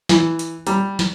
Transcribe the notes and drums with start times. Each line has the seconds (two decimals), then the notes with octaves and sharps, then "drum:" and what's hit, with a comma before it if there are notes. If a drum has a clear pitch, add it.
0.09 E3, drum: snare
0.39 drum: hi-hat
0.67 G3, drum: hi-hat
0.99 drum: snare